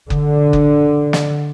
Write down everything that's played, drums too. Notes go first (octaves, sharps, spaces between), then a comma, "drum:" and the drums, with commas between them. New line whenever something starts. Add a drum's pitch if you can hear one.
D3, drum: kick F#1
drum: kick F#1
drum: snare